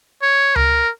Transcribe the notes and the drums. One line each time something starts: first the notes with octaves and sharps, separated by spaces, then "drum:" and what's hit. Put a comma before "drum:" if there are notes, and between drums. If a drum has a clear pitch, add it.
C#5
A#4, drum: tom C#2